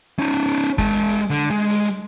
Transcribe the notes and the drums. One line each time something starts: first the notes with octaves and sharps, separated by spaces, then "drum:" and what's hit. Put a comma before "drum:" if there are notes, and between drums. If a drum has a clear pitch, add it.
C#4 D#4
drum: hi-hat
drum: open hi-hat
drum: hi-hat
G#3 A5, drum: kick, hi-hat
drum: hi-hat
drum: open hi-hat
D3
G#3
drum: open hi-hat
drum: hi-hat